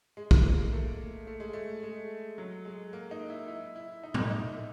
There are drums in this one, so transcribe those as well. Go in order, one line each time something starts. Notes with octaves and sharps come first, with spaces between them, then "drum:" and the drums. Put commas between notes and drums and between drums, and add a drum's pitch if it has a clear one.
G#3
G#3, drum: kick
A#3
A#3
A3
A3
G#3
A3
G#3
F#3
G#3
A#3
D#4
E4
E4
E4
D#4
drum: tom
D#4